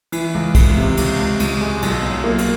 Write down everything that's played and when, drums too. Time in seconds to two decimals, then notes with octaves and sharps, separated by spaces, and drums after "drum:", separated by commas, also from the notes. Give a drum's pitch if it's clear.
0.12 E3, drum: cymbal
0.34 C#2
0.55 C#2, drum: kick, cymbal
0.76 C3
0.97 C#2, drum: cymbal
1.18 C#2
1.40 C#2, drum: cymbal
1.61 G#3
1.82 B1, drum: cymbal
2.03 F#3
2.24 A#3
2.38 drum: cymbal